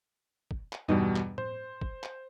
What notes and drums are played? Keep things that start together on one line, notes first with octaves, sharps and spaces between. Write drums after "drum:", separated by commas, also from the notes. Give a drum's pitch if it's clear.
drum: kick
drum: clap
E2 G2 B2 G3 D#4
drum: clap
C5, drum: tom A2
drum: kick
drum: clap